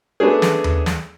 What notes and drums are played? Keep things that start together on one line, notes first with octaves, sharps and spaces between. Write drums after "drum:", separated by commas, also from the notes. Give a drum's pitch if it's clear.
A3 B3 C#4 D4 G#4
drum: snare
drum: tom D#2
drum: snare